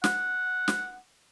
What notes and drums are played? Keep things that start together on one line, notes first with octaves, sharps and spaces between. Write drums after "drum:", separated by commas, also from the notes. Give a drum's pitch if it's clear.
F#5, drum: snare
drum: snare